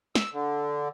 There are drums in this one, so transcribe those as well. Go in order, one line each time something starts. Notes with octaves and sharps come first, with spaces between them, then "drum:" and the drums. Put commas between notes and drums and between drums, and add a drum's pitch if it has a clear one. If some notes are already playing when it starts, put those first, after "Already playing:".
E6, drum: snare
D3